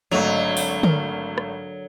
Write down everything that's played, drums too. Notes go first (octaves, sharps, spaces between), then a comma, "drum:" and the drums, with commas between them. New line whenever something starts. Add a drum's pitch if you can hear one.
G#1 D3 F#3 A3 D#5 E5 F7
drum: open hi-hat
A#4, drum: tom D3
drum: rim click